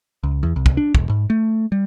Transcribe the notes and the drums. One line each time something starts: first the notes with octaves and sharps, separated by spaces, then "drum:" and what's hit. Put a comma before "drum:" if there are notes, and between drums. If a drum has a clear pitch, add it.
C#2
E2
C2
drum: kick
D4
E1, drum: kick
G#2
A3
G3